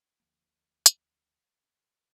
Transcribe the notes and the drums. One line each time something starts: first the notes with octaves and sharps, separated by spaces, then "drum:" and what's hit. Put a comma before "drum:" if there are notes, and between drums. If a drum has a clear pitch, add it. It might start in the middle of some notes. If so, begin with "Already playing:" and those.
D2 F3 A#3
drum: hi-hat